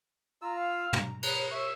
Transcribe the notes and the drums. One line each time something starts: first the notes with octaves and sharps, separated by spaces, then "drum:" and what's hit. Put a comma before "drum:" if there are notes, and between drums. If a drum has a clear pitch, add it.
F4 A#5 E6
F5
A#5, drum: tom
B4 A#5 F7, drum: cymbal
E5 C#6